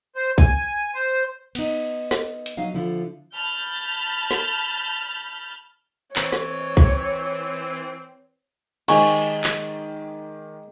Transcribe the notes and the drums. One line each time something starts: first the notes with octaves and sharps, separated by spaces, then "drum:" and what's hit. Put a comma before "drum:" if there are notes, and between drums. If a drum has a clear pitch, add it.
C5
G#5, drum: kick B1
C5
B3 D#4, drum: cymbal
drum: snare
drum: hi-hat
F#3 D#4 F5
D3 F3 E4
A5 B5 F6 G6
drum: snare
E3 C4 C#5, drum: clap
drum: snare
drum: kick B1
D#3 G#3 G4 C5 G#5 A5 C#6, drum: cymbal
drum: clap